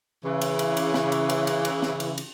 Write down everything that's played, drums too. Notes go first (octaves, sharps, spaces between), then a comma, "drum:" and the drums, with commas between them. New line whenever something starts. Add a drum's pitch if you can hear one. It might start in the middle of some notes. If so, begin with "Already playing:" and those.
C#3 E3
drum: cymbal
drum: cymbal
drum: cymbal
drum: snare
drum: cymbal
drum: cymbal
drum: cymbal
drum: cymbal
drum: snare
drum: cymbal
drum: cymbal